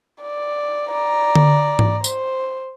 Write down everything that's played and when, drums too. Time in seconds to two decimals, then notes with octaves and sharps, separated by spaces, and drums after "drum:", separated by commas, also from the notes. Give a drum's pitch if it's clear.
0.22 D5
0.92 D5 A#5
1.35 drum: tom D3
1.79 drum: tom G#2
2.04 C5, drum: tambourine